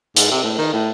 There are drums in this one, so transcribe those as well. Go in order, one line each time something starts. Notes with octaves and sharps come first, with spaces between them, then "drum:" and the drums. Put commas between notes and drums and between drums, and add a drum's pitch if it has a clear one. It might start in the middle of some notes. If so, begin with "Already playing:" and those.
G#2, drum: hi-hat
C3
A2
D#3
A2